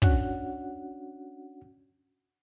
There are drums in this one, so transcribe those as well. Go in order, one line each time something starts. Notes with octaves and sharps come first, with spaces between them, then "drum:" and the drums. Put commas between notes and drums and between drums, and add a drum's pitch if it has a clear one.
C#4 D4 F#4 F#5, drum: kick